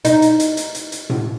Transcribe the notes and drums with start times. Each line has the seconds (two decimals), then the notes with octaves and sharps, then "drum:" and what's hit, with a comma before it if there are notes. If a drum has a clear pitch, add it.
0.05 D#4, drum: hi-hat
0.22 drum: hi-hat
0.40 drum: hi-hat
0.57 drum: hi-hat
0.75 drum: hi-hat
0.92 drum: hi-hat
1.10 drum: tom A2